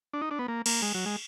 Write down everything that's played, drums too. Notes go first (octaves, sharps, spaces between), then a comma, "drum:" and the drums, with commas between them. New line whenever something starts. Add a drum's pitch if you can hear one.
D4
D#4
D4
B3
A#3
A#3, drum: cymbal
G#3
F#3
G#3